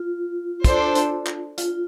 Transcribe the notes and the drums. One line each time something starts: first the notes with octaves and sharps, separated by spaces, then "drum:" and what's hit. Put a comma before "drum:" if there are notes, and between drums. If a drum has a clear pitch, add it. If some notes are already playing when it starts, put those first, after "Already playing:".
Already playing: F4
D4 A4 C5, drum: kick, hi-hat
drum: hi-hat
drum: clap
F4, drum: hi-hat